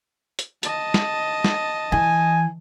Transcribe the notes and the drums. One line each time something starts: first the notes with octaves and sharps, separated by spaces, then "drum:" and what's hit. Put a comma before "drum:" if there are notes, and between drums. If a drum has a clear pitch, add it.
drum: hi-hat
D#5 A5, drum: hi-hat
drum: snare
drum: snare
E3 G#5